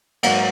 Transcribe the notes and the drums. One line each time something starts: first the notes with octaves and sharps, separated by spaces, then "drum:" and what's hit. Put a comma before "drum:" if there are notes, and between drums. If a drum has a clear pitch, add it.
G#2 F#3 A#3 F#5, drum: cymbal